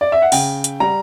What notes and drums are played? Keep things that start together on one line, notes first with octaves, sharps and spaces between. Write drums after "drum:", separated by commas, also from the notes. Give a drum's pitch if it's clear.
D5
E5
F#5
C#3 G5, drum: open hi-hat
drum: hi-hat
G3 A#5